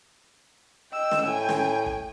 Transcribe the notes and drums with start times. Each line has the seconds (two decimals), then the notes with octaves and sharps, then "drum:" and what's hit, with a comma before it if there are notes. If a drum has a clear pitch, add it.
0.93 D#5 G5 E6
1.12 drum: snare
1.23 A2 G5 G#5
1.49 drum: snare
1.86 drum: kick